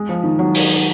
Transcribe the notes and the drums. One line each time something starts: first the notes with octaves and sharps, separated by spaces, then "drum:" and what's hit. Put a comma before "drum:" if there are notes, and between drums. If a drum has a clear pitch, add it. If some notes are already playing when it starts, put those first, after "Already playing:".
Already playing: G#3
F3
D#3
F#3
drum: open hi-hat